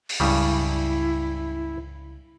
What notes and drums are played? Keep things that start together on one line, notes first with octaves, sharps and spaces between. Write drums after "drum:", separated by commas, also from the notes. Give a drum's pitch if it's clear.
drum: open hi-hat
C#2 G2 C#3 G3 E4